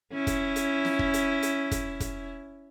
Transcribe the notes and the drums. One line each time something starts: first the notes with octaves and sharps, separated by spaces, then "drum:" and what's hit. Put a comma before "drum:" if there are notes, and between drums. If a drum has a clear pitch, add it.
C#4 E4
drum: kick, hi-hat
drum: hi-hat
drum: snare
drum: kick
drum: hi-hat
drum: hi-hat
drum: kick, hi-hat
drum: kick, hi-hat